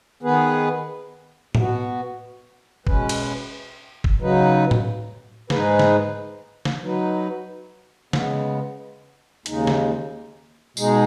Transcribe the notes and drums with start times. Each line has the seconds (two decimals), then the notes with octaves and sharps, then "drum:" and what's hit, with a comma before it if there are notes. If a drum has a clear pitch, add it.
0.23 D#3 B3 G#4 B4
1.55 B2 B3 F#4, drum: tom A2
2.87 B2 G#3 C#4 B4, drum: kick
3.09 drum: cymbal
4.04 drum: kick
4.19 C#3 F#3 D#4 B4
4.71 drum: tom A2
5.50 G#2 G#3 D#4 G#4 B4, drum: snare D3
5.79 drum: snare D3
6.65 drum: snare D3
6.81 F#3 D#4 B4
8.13 C#3 G#3 B3, drum: snare D3
9.46 D#2 C#3 G#3 D#4, drum: hi-hat
9.67 drum: snare D3
10.77 B2 G#3 D#4 G#4, drum: tambourine